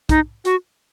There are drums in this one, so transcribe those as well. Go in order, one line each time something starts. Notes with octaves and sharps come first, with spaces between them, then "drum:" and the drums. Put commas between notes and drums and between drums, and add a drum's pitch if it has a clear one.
D#4, drum: kick, hi-hat
F#4, drum: hi-hat